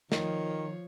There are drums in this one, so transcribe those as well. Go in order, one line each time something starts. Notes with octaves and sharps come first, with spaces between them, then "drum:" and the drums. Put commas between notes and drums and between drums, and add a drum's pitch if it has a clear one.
D#3 F3 C#5, drum: snare